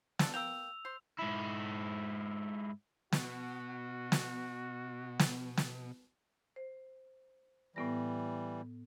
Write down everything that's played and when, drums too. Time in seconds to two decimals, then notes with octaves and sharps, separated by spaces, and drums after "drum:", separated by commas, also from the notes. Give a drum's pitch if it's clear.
0.19 D4 F4 A4, drum: snare
0.34 A#3 G5 E6 F7
0.85 C5
1.19 G#2 E4
3.12 B2 F#4, drum: snare
4.12 drum: snare
5.19 drum: snare
5.57 drum: snare
6.56 C5
7.76 A2 E3 G3 B3 A#6